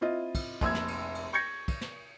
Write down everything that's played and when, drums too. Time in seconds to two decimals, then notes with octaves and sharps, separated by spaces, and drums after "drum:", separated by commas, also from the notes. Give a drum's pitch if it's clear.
0.01 C4 E4 F4 D#5
0.35 drum: kick, cymbal
0.61 F1 A#1 E6 G#6, drum: kick, cymbal
0.75 drum: snare
0.88 drum: cymbal
1.15 drum: cymbal
1.33 C#6 G6 G#6 A#6 C#7
1.68 drum: kick, cymbal
1.81 drum: snare